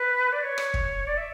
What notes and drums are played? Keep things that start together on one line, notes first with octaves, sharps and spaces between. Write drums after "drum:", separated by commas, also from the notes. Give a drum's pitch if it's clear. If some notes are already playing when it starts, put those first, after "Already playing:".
Already playing: B4
D5
C#5
drum: rim click
drum: kick
D5
E5